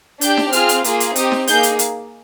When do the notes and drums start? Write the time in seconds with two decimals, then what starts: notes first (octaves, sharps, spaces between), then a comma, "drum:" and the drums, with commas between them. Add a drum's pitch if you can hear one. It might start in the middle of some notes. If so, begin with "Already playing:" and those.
0.21 D4 G4 G6, drum: hi-hat
0.37 drum: snare D#4
0.53 C4 F4 G#4 F6, drum: hi-hat
0.69 drum: hi-hat
0.84 A#3 F4 G#4, drum: hi-hat
1.00 drum: hi-hat
1.16 C4 D#4 G4 D#6, drum: hi-hat
1.32 drum: snare D#4
1.47 A#3 D#4 G#4 G6, drum: hi-hat
1.63 drum: hi-hat
1.79 drum: hi-hat